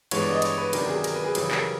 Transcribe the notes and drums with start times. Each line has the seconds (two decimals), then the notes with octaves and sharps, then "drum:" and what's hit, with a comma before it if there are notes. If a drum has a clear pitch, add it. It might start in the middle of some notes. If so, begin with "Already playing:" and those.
0.11 G2 E3 G#3 B3 C#5, drum: cymbal
0.22 D5
0.32 D#5
0.42 C#5, drum: cymbal
0.58 B4
0.73 C3 D#3 F#3 B3 D4 A#4, drum: cymbal
0.89 G#4
1.04 A#4, drum: cymbal
1.15 B4
1.24 G#4
1.35 F#2 C#3 E3 G3 G#4, drum: cymbal
1.51 A#4, drum: clap